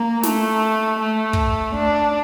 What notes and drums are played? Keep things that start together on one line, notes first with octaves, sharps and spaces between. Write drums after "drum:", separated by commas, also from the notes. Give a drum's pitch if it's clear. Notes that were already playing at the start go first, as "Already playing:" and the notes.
Already playing: A#3
A3, drum: snare
A3
drum: kick
D4